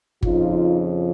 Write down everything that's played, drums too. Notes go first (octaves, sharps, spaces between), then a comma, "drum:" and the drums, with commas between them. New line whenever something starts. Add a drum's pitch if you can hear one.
F2 C#3 F3 D#4 F4, drum: kick G1